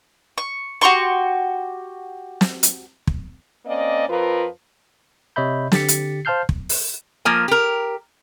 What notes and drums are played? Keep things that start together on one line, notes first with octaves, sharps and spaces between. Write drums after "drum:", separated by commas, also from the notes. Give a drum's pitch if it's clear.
C#6
F#4 G4 C6 C#6
drum: snare
drum: hi-hat
drum: kick
A#3 C4 C#4 D5 D#5
F2 F3 F4 A#4 B4
C3 C#5 D#5 E5 B5 G6
D3 G4 A6 B6 C#7, drum: snare
drum: hi-hat
C5 F5 A5 F6 G6 C7
drum: kick
drum: open hi-hat
F3 A#3 A#4 G#5
G4 A#4